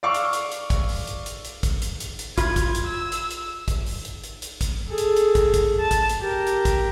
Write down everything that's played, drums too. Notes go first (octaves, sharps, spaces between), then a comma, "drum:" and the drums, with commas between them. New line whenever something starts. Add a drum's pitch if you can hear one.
D5 F5 C#6 D6 E6
drum: hi-hat
drum: hi-hat
drum: hi-hat
drum: kick, hi-hat
drum: open hi-hat
drum: hi-hat
drum: hi-hat
drum: hi-hat
drum: kick, hi-hat
drum: hi-hat
drum: hi-hat
drum: hi-hat
F4 B5 G#6, drum: kick, hi-hat
drum: kick, hi-hat
drum: hi-hat
E6
drum: hi-hat
drum: hi-hat
drum: kick, hi-hat
drum: open hi-hat
drum: hi-hat
drum: hi-hat
drum: hi-hat
drum: kick, hi-hat
G#4 A4
drum: hi-hat
drum: hi-hat
drum: kick, hi-hat
drum: kick, hi-hat
A5
drum: kick, hi-hat
drum: hi-hat
G4 A#4
drum: hi-hat
drum: kick, hi-hat